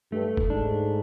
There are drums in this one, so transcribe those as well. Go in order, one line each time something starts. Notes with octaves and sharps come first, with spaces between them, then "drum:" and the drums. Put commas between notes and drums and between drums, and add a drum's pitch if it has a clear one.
G2 A3
drum: kick
G#2 D4